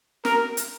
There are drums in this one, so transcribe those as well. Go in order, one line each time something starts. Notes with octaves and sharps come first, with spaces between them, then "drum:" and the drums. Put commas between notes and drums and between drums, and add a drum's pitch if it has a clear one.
A#4, drum: snare
drum: hi-hat